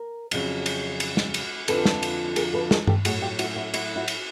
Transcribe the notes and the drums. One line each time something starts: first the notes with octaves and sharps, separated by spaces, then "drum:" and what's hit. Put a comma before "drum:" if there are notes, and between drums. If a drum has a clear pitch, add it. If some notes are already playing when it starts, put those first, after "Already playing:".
Already playing: A#4
F2 C#3 F#3, drum: cymbal
drum: cymbal
drum: cymbal
drum: snare
drum: cymbal
F2 D3 F3 A4 B4, drum: cymbal
drum: snare
drum: cymbal
G#4 A#4, drum: cymbal
A4 B4
G#4 A#4, drum: snare
G4 A4, drum: tom G2
A2 F#3 F#4 G#4, drum: cymbal
F4 G4
E4 F#4, drum: cymbal
E4 F#4
E4 F#4, drum: cymbal
E4 F#4
drum: cymbal